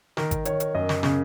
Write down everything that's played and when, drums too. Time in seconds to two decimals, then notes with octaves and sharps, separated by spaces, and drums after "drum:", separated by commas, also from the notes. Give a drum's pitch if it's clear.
0.17 D#3 A#4, drum: snare
0.31 drum: kick G#1, hi-hat
0.45 D#3 C#5, drum: hi-hat
0.60 drum: hi-hat
0.75 F#2 D#5
0.89 drum: snare
1.03 C#3, drum: snare